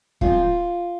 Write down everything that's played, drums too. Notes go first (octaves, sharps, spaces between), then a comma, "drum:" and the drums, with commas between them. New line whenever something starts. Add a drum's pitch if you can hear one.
G#2 F3 C4 F4, drum: kick